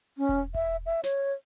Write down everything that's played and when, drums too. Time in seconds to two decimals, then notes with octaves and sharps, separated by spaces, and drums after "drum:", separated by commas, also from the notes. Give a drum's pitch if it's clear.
0.18 C#4
0.29 drum: kick E1
0.55 E5, drum: kick E1
0.86 E5
1.03 C#5, drum: snare